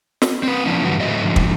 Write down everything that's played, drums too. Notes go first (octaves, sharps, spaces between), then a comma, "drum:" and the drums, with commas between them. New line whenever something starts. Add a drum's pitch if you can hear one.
drum: snare
C4 B4
F3 A#3 C#4 D4 E4
G2 D3 E3 G3 F#4
A2 F#3 A4 C5 D#5 E5
G#2 D3 F3
drum: kick